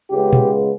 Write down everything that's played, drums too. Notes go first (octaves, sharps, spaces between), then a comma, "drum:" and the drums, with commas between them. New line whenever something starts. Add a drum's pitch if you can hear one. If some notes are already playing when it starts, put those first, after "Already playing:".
C#2 C#3 G#3 B3 G4
drum: tom A#2